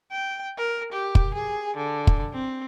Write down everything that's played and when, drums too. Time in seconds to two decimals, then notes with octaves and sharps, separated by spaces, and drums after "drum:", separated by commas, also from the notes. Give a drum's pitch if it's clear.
0.12 G5
0.58 A#4
0.92 G4
1.15 drum: kick
1.34 G#4
1.77 D3
2.07 drum: kick
2.33 C4